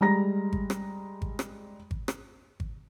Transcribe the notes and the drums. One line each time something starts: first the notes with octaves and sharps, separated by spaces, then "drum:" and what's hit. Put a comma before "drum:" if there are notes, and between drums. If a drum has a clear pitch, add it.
G3 G#3 A#5 A#6
drum: kick G#1
drum: rim click
drum: kick G#1
drum: rim click
drum: kick G#1
drum: rim click
drum: kick G#1